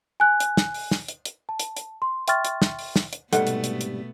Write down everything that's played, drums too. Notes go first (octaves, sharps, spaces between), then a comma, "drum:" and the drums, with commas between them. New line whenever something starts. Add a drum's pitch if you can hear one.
G#5 F#6
drum: hi-hat
drum: snare
drum: open hi-hat
drum: snare
drum: hi-hat
drum: hi-hat
A5
drum: hi-hat
drum: hi-hat
C6
E5 G5 C6 C#6 F6 A6, drum: hi-hat
drum: hi-hat
drum: snare
drum: open hi-hat
drum: snare
drum: hi-hat
C2 G#2 B2 G3 A3 B3 A4 F#5, drum: hi-hat
drum: hi-hat
drum: hi-hat
drum: hi-hat